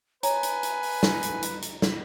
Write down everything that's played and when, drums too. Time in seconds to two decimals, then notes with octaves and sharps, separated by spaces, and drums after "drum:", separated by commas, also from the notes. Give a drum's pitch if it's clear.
0.23 B4 C#5 G#5 A#5, drum: hi-hat
0.43 drum: hi-hat
0.63 drum: hi-hat
0.83 drum: open hi-hat
1.03 drum: snare
1.23 drum: hi-hat
1.43 drum: hi-hat
1.62 drum: hi-hat
1.82 drum: snare